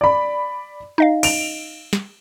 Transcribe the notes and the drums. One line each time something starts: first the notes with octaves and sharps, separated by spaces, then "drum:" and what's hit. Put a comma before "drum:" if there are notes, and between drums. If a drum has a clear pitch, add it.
D5 B5
D#4 D#5 F5
D7 F7, drum: cymbal
drum: snare